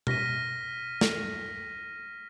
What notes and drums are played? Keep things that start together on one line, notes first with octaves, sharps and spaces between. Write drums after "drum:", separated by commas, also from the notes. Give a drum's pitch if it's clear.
F6 A#6 B6 D#7, drum: tom B2
drum: snare